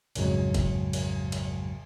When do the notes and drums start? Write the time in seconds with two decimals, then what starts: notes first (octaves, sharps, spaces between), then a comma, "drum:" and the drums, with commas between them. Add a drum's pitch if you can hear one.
0.15 A#1 F2 G#2 C#3 F#3 G#3, drum: cymbal
0.54 drum: kick, cymbal
0.93 drum: cymbal
1.32 drum: cymbal